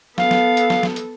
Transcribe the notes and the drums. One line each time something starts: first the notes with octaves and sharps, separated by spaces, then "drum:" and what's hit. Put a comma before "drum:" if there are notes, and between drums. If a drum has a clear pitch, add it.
B3 A4 F5, drum: snare
drum: snare
drum: hi-hat
drum: snare
drum: snare
drum: hi-hat